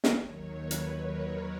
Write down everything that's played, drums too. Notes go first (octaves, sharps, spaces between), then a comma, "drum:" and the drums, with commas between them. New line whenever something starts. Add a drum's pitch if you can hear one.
drum: snare
D#2 D#3 F#3 C#5
B4
drum: hi-hat
A#4